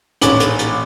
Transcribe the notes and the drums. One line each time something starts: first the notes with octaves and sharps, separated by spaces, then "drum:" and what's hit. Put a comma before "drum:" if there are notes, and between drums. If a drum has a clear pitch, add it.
D#1 A1 C#4 C#5 D6 F#7, drum: hi-hat
drum: hi-hat
drum: hi-hat